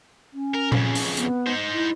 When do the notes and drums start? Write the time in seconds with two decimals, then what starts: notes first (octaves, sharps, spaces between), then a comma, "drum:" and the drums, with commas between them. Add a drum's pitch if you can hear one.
0.33 C#4
0.54 A#4
0.72 F2 C#3, drum: tom A#2
0.95 drum: open hi-hat
1.17 B3, drum: hi-hat
1.46 D#4 C5
1.73 E4